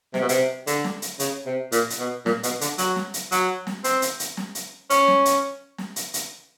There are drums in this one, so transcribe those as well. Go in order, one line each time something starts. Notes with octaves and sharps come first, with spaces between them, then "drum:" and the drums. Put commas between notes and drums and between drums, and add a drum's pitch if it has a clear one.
C3, drum: snare
B2
C3, drum: hi-hat
D3, drum: hi-hat
drum: snare
drum: hi-hat
C#3, drum: hi-hat
C3
A#2, drum: hi-hat
drum: hi-hat
B2
A#2, drum: snare
B2, drum: hi-hat
D3, drum: hi-hat
F#3, drum: hi-hat
drum: snare
drum: hi-hat
F#3, drum: hi-hat
drum: snare
C4, drum: hi-hat
drum: hi-hat
drum: hi-hat
drum: snare
drum: hi-hat
C#4, drum: hi-hat
drum: snare
drum: hi-hat
drum: snare
drum: hi-hat
drum: hi-hat